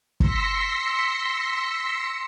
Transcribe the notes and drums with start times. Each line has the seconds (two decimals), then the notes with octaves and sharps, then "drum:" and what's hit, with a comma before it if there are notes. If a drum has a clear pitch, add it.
0.20 C6 E6 A#6 B6 C#7, drum: kick